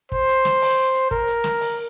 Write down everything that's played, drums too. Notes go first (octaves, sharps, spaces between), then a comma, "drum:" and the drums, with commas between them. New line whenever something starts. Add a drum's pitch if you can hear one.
C5, drum: kick
drum: hi-hat
drum: snare
drum: open hi-hat
drum: hi-hat
A#4, drum: kick
drum: hi-hat
drum: snare
drum: open hi-hat